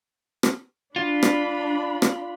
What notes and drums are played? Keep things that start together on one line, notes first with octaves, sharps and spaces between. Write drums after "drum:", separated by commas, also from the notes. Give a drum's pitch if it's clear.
drum: rim click
D4 F4 B5
drum: rim click
drum: rim click